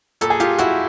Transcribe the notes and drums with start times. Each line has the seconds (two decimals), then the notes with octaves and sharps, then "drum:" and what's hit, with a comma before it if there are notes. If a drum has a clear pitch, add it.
0.21 A#2 A4, drum: hi-hat
0.30 G#4
0.40 F4 G4, drum: hi-hat
0.58 E4 F#4, drum: hi-hat